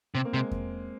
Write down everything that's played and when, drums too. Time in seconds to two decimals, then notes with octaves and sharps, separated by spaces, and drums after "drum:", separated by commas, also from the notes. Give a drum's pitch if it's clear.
0.15 C3 C4
0.25 A#3
0.34 C3 G#3
0.51 drum: kick E2